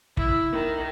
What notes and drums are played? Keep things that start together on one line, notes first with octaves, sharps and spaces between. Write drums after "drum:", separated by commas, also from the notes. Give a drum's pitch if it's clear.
E4, drum: kick
D#3